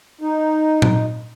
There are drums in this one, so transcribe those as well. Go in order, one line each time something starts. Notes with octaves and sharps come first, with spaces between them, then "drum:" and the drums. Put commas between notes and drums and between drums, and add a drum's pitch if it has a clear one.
D#4
drum: tom A#2